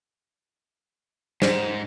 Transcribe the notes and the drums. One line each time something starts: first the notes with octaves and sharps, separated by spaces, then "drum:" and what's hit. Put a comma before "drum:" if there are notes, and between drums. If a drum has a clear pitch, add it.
G#2 C5, drum: snare